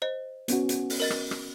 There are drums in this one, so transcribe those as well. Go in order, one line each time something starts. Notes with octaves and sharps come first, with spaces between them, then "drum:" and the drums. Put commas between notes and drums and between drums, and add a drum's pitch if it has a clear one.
C5 D#5
B3 C#4 F#4, drum: hi-hat
drum: hi-hat
drum: open hi-hat
A#4 D#5 A6
drum: rim click
drum: rim click